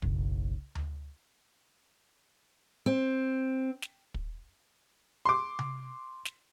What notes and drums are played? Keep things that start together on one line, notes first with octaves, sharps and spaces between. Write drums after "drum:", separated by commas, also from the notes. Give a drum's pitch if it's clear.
F#1 B1, drum: kick
drum: tom D2
C4
drum: snare
drum: kick
C6 D6
drum: tom C3
drum: snare